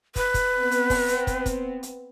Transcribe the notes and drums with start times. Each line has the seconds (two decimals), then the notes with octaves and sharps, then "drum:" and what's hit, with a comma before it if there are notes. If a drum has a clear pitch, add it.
0.16 B4, drum: kick, hi-hat
0.34 drum: kick, hi-hat
0.60 B3 C4
0.71 drum: hi-hat
0.90 drum: kick, open hi-hat
1.08 drum: hi-hat
1.27 drum: kick, hi-hat
1.46 drum: kick, hi-hat
1.83 drum: hi-hat